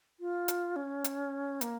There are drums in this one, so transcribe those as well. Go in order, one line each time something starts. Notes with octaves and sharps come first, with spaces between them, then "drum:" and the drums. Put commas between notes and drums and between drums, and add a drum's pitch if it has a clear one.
F4
drum: hi-hat
C#4
drum: hi-hat
A#3, drum: hi-hat